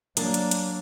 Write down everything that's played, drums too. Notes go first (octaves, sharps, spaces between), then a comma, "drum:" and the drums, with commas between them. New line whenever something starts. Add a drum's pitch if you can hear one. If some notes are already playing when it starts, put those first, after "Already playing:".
F#3 A#3 D4 A5, drum: hi-hat
drum: hi-hat
drum: hi-hat